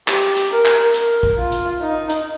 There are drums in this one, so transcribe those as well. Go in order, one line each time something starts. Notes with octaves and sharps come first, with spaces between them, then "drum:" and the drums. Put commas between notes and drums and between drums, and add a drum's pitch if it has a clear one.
G4, drum: clap
drum: hi-hat
A#4
drum: clap
A#4, drum: hi-hat
drum: kick
F4
drum: hi-hat
D#4
drum: hi-hat